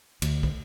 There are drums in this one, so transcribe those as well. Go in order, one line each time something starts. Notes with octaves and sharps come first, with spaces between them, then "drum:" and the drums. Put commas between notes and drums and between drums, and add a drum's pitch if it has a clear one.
D2, drum: cymbal
drum: kick